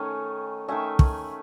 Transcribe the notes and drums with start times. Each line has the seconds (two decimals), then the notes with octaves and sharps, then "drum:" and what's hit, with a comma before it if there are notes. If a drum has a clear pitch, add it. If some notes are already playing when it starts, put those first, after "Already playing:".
Already playing: D#3 A3 C#4 G#5
0.68 D#3 A3 C#4 E5 G#5
0.99 drum: kick